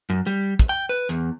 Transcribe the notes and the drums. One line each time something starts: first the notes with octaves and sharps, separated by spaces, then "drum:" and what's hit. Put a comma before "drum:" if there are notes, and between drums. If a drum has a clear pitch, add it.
F#2
G3
drum: kick, hi-hat
G5
B4
E2, drum: hi-hat